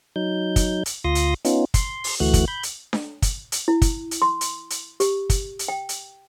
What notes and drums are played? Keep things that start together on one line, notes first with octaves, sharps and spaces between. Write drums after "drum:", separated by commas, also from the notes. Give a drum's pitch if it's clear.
F#3 D#4 G6
drum: kick, hi-hat
drum: hi-hat
D2 F4 C6 D#6 A#6
drum: hi-hat
B3 C#4 D#4 F4, drum: hi-hat
C6, drum: kick, hi-hat
drum: open hi-hat
D2 E3 A3 F#4 F#6
drum: kick, hi-hat
B5 G6
drum: hi-hat
drum: snare D4
drum: kick, hi-hat
drum: hi-hat
E4
drum: kick, hi-hat
drum: hi-hat
C6
drum: hi-hat
drum: hi-hat
G4, drum: hi-hat
drum: kick, hi-hat
drum: hi-hat
G5
drum: hi-hat